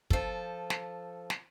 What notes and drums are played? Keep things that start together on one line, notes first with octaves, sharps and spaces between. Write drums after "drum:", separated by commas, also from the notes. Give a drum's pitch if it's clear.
F3 A4, drum: kick
drum: snare
drum: snare